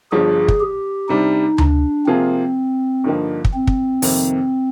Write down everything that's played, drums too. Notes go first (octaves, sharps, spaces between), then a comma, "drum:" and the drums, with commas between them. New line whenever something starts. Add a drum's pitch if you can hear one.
G1 G2 F3 G#4
drum: kick
G4
C3 G3 D4 D#4
D4, drum: tom D2
C3 F3 A#3 C4 F4 G#4
G2 D3 F3 A#3 D#4
drum: kick
C4
drum: kick
F2 C3 D#3 A#3, drum: open hi-hat